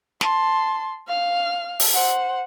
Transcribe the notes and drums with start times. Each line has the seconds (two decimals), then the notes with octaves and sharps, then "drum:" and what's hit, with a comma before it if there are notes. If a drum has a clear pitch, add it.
0.21 A5 C6, drum: snare
1.07 F5 F6
1.80 drum: open hi-hat
1.94 C5 F#5